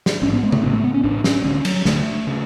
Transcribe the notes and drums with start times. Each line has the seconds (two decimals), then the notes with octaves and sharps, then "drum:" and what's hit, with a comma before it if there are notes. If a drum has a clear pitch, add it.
0.06 drum: snare
0.22 A1 G#2 C#4
0.33 B3
0.43 G#3
0.52 A3, drum: tom C#3
0.63 A1 A2 B3
0.73 A3
0.84 B3
0.94 C#4
1.03 A1 A2 D4
1.24 C#4, drum: snare
1.44 D2 D3 C#4
1.65 F#3, drum: cymbal
1.85 D2 D3 A3, drum: snare
2.27 C#3